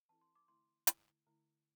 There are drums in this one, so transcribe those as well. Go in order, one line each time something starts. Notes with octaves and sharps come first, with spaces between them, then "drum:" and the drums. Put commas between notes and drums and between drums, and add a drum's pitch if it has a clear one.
E3 C4 E4 A4 A5
C6
D6
D3 A3 E4 C6
D3 A3 E4, drum: hi-hat
D3 A3 E4